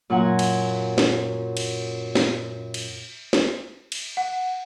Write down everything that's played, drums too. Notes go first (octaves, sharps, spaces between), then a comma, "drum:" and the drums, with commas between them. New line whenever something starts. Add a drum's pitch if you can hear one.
F#2 A#2 F#4 F#5 G#5 A#5
drum: cymbal
drum: snare
drum: cymbal
drum: snare
drum: cymbal
drum: snare
drum: cymbal
F#5